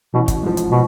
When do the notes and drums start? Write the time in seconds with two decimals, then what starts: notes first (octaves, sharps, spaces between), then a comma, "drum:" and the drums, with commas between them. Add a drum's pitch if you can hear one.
0.14 A1 B2
0.28 drum: kick, hi-hat
0.43 G#2 F3
0.57 drum: hi-hat
0.71 B2